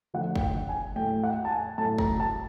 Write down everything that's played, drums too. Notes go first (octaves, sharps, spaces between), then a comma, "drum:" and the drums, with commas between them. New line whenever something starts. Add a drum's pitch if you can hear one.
D3 F3 A3 F#5
G5, drum: kick
F#5
G#5
A2 F#3 A3 G5
F#5
A5
G#5
A2 F#3 A3 A5
A#5, drum: kick
A5